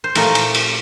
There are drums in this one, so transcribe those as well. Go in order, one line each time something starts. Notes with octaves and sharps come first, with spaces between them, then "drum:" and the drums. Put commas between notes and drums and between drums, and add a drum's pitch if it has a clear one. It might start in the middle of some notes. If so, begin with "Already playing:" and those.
C5
A#2 F3 A3 A#4, drum: cymbal
drum: cymbal
drum: cymbal